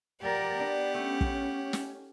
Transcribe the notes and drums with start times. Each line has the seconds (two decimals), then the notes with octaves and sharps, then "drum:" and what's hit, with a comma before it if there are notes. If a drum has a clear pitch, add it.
0.21 F3 G4 A#4 D5 F#5
0.60 B3 D4
0.95 A3 C#4
1.21 drum: kick
1.73 drum: snare